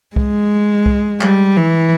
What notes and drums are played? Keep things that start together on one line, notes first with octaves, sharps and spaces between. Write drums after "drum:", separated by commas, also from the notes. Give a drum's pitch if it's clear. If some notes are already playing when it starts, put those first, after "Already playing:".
G#3, drum: kick C2
drum: kick C2
G3, drum: clap
E3